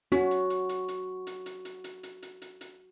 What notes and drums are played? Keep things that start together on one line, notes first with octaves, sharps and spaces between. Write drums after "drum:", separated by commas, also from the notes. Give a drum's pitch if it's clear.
C#4 F#4, drum: hi-hat
drum: hi-hat
drum: hi-hat
drum: hi-hat
drum: hi-hat
drum: hi-hat
drum: hi-hat
drum: hi-hat
drum: hi-hat
drum: hi-hat
drum: hi-hat
drum: hi-hat
drum: hi-hat